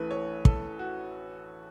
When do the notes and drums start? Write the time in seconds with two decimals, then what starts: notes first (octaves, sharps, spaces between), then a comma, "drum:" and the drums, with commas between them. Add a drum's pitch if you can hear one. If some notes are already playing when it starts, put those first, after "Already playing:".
Already playing: A1 A2 E3 A3 B4
0.11 C#5
0.45 A4, drum: kick
0.79 F#4